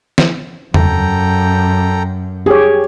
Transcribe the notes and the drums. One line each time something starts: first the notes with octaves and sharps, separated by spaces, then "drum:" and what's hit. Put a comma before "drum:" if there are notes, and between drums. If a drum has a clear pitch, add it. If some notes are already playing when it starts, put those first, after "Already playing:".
drum: snare
F#2 A4 G5 A#5, drum: tom E2
G4 G#4 C#5